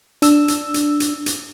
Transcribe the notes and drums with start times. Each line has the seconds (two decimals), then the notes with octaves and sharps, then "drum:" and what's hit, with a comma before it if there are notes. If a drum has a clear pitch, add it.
0.22 D4 E6, drum: hi-hat
0.48 drum: hi-hat
0.74 drum: hi-hat
1.00 drum: hi-hat
1.26 drum: hi-hat